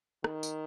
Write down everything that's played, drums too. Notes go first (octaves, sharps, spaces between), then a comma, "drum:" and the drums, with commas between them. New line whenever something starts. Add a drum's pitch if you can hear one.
D#3, drum: rim click
drum: tambourine